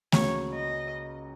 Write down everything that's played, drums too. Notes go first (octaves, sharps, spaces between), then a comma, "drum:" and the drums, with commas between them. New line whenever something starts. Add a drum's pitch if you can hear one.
C#2 C#3 A#3 F#4 C#5, drum: snare A3
D#5